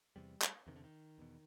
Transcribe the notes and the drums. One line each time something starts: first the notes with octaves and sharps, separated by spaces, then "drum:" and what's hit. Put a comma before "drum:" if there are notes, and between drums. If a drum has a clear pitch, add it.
E2 C3 G3
drum: clap
E2 C3 D#3
D3
D#3
E2 B2